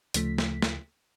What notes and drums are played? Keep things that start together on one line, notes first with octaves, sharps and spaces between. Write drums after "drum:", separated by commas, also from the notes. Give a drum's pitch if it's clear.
D2 C#3 F3 A3 B6, drum: hi-hat
drum: snare
drum: snare